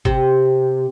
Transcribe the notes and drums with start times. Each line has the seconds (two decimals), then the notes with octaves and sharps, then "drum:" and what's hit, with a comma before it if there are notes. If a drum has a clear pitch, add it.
0.05 C3, drum: kick